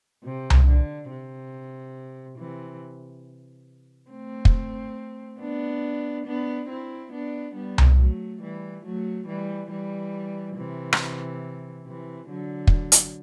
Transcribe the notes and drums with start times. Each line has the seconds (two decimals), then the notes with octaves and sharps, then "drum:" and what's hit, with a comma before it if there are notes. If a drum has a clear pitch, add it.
0.24 C3
0.50 drum: tom C2
0.66 D3
1.09 C3
2.38 C3 E3
4.11 A3 C4
4.45 drum: kick
5.40 B3 D4
6.26 B3 D4
6.69 C4 E4
7.12 B3 D4
7.55 G3 B3
7.78 drum: tom C2
7.98 F#3 A3
8.41 E3 G3
8.85 F#3 A3
9.27 E3 G3
9.70 E3 G3
10.56 C3 E3
10.93 drum: rim click
11.86 C3 E3
12.29 D3 F#3
12.67 drum: kick
12.92 drum: hi-hat